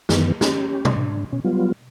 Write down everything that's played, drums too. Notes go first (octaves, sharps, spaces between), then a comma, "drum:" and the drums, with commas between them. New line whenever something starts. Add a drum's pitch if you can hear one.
F#2 D#3 E3 B3, drum: snare
C#4 G4, drum: snare
drum: tom B2
G#2 D4
B2 C#4
F#3 G3 B3 F4